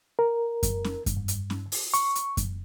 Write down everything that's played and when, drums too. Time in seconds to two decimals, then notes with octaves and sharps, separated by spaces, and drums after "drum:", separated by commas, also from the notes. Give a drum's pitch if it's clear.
0.19 A#4
0.63 drum: kick F#2, hi-hat
0.84 drum: snare
1.06 drum: kick F#2, hi-hat
1.17 G2
1.28 drum: hi-hat
1.50 drum: snare
1.72 drum: open hi-hat
1.94 C#6, drum: hi-hat
2.15 drum: hi-hat
2.37 drum: kick F#2, hi-hat